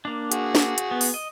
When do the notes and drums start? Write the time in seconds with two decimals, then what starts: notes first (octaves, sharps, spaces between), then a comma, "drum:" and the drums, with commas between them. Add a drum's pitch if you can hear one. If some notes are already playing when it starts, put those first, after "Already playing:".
0.05 A#3 D4
0.32 F#4 G#4, drum: hi-hat
0.55 drum: snare
0.78 drum: hi-hat
0.91 B3
1.01 drum: open hi-hat
1.14 D#5